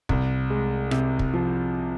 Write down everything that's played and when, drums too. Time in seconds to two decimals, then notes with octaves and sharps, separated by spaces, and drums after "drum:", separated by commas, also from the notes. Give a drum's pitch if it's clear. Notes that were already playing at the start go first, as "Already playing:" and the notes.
0.09 C2, drum: kick
0.50 G#3
0.91 C3, drum: rim click
1.19 drum: kick
1.33 F3